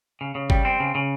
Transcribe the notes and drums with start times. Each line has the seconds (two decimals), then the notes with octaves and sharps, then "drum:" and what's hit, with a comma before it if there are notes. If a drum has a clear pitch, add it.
0.21 C#3
0.35 C#3
0.50 G3, drum: kick G1
0.65 C4
0.80 C#3
0.95 C#3